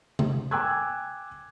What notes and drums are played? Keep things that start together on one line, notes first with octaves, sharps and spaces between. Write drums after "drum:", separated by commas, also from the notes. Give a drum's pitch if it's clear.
drum: tom C3
G5 G#5 D6 E6 F#6 G#6